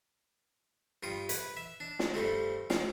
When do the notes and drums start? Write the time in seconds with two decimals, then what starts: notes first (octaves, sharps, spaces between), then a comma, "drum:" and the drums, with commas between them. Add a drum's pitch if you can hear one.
1.03 G2 F4 G5 D#6
1.29 B4, drum: hi-hat
1.57 E5
1.80 D4
1.99 drum: snare
2.14 G2 G3 A3 C4
2.70 F5 G5, drum: snare